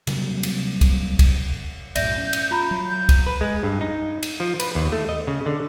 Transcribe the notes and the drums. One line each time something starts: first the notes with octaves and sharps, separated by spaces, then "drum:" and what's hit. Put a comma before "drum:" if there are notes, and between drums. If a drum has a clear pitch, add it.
C3 F#3 G3 A#3, drum: cymbal
drum: cymbal
drum: kick, cymbal
drum: kick, cymbal
B1 F#2 A2 D5 E5 G6 A#6, drum: cymbal
C#4
drum: cymbal
F4 A#5 B5
F#3
G6
drum: kick, cymbal
B4
G#3
G2
D#4
drum: cymbal
F3
B4, drum: cymbal
D#2
A3
D#5
C#3
D3